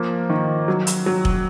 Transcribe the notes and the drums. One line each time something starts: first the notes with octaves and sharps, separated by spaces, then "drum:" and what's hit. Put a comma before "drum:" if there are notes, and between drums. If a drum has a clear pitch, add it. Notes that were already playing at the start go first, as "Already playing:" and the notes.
Already playing: F3 A#3
D#3
F#3
drum: hi-hat
F#3
drum: kick F1